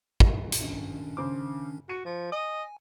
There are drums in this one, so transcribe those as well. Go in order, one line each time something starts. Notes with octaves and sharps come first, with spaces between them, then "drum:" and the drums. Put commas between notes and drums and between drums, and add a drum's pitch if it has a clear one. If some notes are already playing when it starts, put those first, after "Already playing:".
drum: kick
drum: hi-hat
D#3 C#4 D4
C#3 C5 D6
F#4 C#7 D#7
F3
D#5 G#5